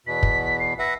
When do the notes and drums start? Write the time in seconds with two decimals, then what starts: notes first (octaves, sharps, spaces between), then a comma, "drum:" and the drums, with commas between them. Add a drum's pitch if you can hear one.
0.06 E2 B2 B6
0.23 drum: kick
0.59 C7
0.79 B4 E5 F#5 A#6